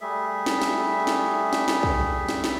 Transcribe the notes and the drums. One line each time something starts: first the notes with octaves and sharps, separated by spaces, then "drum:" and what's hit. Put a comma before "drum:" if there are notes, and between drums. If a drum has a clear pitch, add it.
G3 A3 G#4 E5
drum: snare
drum: snare
drum: snare
drum: snare
drum: snare
drum: kick
drum: snare
drum: snare